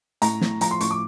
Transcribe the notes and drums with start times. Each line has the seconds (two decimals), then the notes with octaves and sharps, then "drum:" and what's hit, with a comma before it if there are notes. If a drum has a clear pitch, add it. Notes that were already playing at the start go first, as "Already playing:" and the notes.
0.22 A2 A#5, drum: hi-hat
0.41 A2, drum: snare
0.61 F3 A#5, drum: hi-hat
0.71 C6
0.81 A2 C#6, drum: hi-hat
0.91 D6